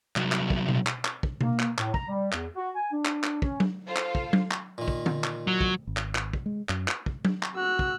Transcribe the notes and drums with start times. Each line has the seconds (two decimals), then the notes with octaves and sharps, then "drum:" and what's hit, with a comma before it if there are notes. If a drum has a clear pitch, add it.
0.16 C2 F#3, drum: clap
0.32 drum: clap
0.50 drum: kick
0.69 drum: tom B2
0.87 drum: clap
1.05 drum: clap
1.23 drum: kick
1.41 A#3, drum: tom B2
1.60 drum: clap
1.79 A2, drum: clap
1.94 A#5, drum: kick
2.08 G3
2.33 E2, drum: clap
2.56 F#4
2.75 G#5
2.92 D4
3.05 drum: clap
3.24 drum: clap
3.42 C#4, drum: kick
3.60 drum: tom F#3
3.87 F4 A4 C5 F5
3.97 drum: clap
4.15 drum: kick
4.33 drum: tom F#3
4.51 drum: clap
4.78 A#2 D#3
4.88 drum: kick
5.06 drum: tom D3
5.24 drum: clap
5.47 F#3
5.61 drum: kick
5.87 G#1
5.97 drum: clap
6.15 drum: clap
6.33 drum: kick
6.46 G#3
6.69 F#2, drum: clap
6.88 drum: clap
7.06 drum: kick
7.25 drum: tom F#3
7.43 drum: clap
7.56 F#4 E6 F#6
7.79 drum: kick